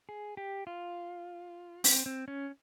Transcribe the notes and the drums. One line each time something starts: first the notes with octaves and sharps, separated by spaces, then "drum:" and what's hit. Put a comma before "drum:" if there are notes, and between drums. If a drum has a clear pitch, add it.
G#4
G4
F4
C4, drum: open hi-hat
C4
C#4